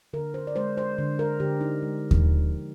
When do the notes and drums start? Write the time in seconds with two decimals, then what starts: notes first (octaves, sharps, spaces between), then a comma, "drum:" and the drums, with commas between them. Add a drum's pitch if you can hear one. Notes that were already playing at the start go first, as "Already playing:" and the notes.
0.13 D3 A#4
0.34 C5
0.47 D5
0.56 G#3 C5
0.77 C5
0.98 D3
1.19 A#4
1.40 D3 G4
1.61 D#4
1.82 G#3
2.11 drum: kick D#2
2.25 F3